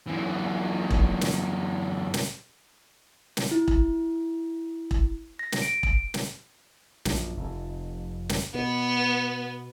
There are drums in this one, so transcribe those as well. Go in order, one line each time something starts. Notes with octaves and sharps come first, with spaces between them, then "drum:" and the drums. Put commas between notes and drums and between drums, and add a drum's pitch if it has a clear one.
F#2 E3
drum: kick E1
drum: snare
drum: snare
drum: snare
E4
drum: kick E1
drum: kick E1
A#6
drum: snare
D7
drum: kick E1
drum: snare
A#1 F#2, drum: snare
F1 F2
drum: snare
B2 B3